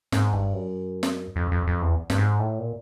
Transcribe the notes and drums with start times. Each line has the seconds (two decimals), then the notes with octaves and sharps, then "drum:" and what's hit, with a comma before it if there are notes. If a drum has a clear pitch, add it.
0.12 G#2, drum: snare
0.33 G2, drum: kick
0.54 F#2
1.03 drum: snare
1.36 F2
1.51 F2
1.67 F2
1.82 E2
2.10 G2, drum: snare
2.18 G#2
2.39 A2
2.59 A#2